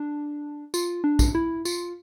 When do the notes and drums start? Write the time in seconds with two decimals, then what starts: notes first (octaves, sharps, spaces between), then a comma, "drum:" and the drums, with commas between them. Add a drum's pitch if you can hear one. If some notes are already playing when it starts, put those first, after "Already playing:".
Already playing: D4
0.74 F4, drum: tambourine
1.04 D4
1.19 drum: kick A#1, tambourine
1.35 E4
1.65 F4, drum: tambourine